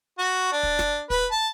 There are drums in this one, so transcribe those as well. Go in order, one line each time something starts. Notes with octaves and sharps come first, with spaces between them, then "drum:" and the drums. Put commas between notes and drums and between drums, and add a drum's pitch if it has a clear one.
F#4
D4
drum: kick
drum: snare
B4, drum: kick
A5